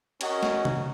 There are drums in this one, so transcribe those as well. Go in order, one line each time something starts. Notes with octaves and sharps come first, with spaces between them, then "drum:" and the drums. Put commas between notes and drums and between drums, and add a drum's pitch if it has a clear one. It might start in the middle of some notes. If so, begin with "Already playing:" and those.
C#4 F#4 A#4 D#5 F#5, drum: cymbal
drum: snare
drum: tom C3